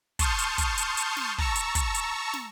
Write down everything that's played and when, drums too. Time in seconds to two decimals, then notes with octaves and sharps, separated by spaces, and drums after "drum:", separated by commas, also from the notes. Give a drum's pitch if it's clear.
0.19 A5 C6 C#6 D#6 F6 G6, drum: kick, hi-hat
0.39 drum: hi-hat
0.58 drum: kick, hi-hat
0.78 drum: hi-hat
0.97 drum: hi-hat
1.17 drum: snare
1.38 A5 A#5 C#6 E6, drum: kick
1.56 drum: hi-hat
1.75 drum: kick, hi-hat
1.95 drum: hi-hat
2.34 drum: snare